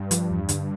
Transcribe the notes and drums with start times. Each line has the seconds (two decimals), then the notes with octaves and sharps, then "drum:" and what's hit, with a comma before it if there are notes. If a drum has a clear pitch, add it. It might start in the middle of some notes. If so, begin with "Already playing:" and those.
Already playing: G2
0.11 F3, drum: hi-hat
0.31 E2
0.49 D3, drum: hi-hat